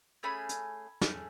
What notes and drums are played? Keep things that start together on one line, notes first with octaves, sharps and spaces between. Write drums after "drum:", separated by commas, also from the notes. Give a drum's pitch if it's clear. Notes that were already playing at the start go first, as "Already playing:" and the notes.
A3 C#4 G#4 G#5 B5
drum: hi-hat
A3 C#4 G#4, drum: snare